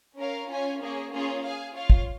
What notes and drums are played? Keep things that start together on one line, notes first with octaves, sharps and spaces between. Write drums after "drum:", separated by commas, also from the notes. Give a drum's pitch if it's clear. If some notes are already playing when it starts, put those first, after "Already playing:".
C#4 A#4 C#5 F5
C#4 F4 C#5 G#5
A#3 C#4 G#4 C#5
A#3 C#4 F4 G#4 C#5
G#4 F5 G#5
F4 C#5 F5
drum: kick G#1